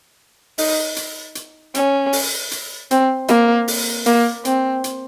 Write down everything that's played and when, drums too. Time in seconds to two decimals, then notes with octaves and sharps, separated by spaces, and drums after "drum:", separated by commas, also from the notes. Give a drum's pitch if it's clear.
0.58 D#4, drum: open hi-hat
0.96 drum: hi-hat
1.35 drum: hi-hat
1.75 C#4, drum: hi-hat
2.13 drum: open hi-hat
2.51 drum: hi-hat
2.91 C4, drum: hi-hat
3.28 A#3, drum: hi-hat
3.68 drum: open hi-hat
4.06 A#3, drum: hi-hat
4.45 C4, drum: hi-hat
4.84 drum: hi-hat